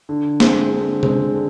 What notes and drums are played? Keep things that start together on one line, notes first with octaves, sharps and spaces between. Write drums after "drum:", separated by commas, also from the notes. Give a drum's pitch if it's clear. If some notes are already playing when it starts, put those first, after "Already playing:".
D3
G#3 C4, drum: snare
D3
G#3 C4, drum: tom C3
D3